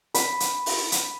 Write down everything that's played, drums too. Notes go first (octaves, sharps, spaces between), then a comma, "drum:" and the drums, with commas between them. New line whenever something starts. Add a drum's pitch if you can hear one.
B5, drum: hi-hat
drum: hi-hat
drum: open hi-hat
drum: hi-hat